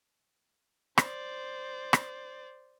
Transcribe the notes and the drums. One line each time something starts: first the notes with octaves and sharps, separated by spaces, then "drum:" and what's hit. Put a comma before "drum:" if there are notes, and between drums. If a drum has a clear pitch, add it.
C5 D5, drum: rim click
drum: rim click